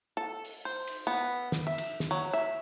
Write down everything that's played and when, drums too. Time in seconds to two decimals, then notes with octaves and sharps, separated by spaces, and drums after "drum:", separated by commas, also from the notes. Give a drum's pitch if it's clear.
0.17 A4
0.45 drum: open hi-hat
0.65 C5
0.87 drum: cymbal
1.07 B3
1.52 drum: snare
1.67 E5
1.78 drum: cymbal
2.00 drum: snare
2.11 F#3
2.33 E5